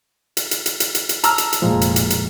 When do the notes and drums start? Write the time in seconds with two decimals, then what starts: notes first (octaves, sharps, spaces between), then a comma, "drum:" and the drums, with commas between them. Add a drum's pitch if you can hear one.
0.37 drum: hi-hat
0.51 drum: hi-hat
0.66 drum: hi-hat
0.80 drum: hi-hat
0.95 drum: hi-hat
1.09 drum: hi-hat
1.24 A5 A#5 E6 F6, drum: hi-hat
1.38 drum: hi-hat
1.53 drum: hi-hat
1.62 F1 A#2 F3 G#3
1.81 drum: hi-hat
1.96 drum: hi-hat
2.10 drum: hi-hat